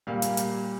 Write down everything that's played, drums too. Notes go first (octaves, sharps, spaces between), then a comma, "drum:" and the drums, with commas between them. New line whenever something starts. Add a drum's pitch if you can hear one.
A#2 G3 A#3 F5
drum: hi-hat
drum: hi-hat